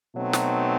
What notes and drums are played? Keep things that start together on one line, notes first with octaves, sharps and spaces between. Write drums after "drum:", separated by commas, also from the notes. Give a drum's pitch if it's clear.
B2 F#3 A3 C4 D#4
drum: snare